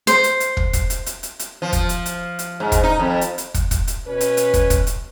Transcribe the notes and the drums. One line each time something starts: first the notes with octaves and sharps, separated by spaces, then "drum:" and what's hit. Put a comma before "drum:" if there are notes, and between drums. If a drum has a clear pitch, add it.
C5, drum: hi-hat
drum: hi-hat
drum: hi-hat
drum: kick
drum: kick, hi-hat
drum: hi-hat
drum: hi-hat
drum: hi-hat
drum: hi-hat
F3
drum: kick, hi-hat
drum: hi-hat
drum: hi-hat
drum: hi-hat
G#2
drum: kick, hi-hat
D#4
F2
drum: hi-hat
drum: hi-hat
drum: kick, hi-hat
drum: kick, hi-hat
drum: hi-hat
B2 C#4 B4
drum: hi-hat
drum: hi-hat
drum: kick, hi-hat
drum: kick, hi-hat
drum: hi-hat